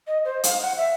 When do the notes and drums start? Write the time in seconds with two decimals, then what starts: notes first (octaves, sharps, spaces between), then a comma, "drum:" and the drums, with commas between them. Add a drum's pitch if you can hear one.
0.07 D#5
0.25 C5
0.44 F5, drum: hi-hat
0.61 F#5
0.77 E5